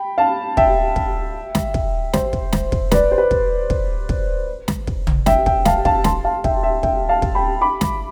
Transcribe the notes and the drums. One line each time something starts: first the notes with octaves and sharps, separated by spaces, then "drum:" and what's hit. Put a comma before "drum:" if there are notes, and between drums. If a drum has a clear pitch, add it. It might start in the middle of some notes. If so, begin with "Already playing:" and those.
Already playing: G5 B5
F5 A5
E5 G5, drum: kick
drum: kick
drum: snare
drum: kick
C5, drum: snare
drum: kick
drum: snare
drum: kick
B4 D5, drum: snare
C5
B4
drum: kick
drum: kick
drum: kick
drum: snare
drum: kick
drum: tom
E5 G5, drum: snare
E5 G5, drum: kick
F5 A5, drum: snare
F5 A5, drum: kick
A5 C6, drum: snare
F5 A5
E5 G5, drum: kick
E5 G5
E5 G5, drum: kick
F5 A5
drum: kick
G5 B5
B5 D6
drum: snare